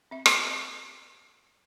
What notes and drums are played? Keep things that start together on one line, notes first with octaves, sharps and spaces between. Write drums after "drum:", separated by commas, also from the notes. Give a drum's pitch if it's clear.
C4 E5
drum: rim click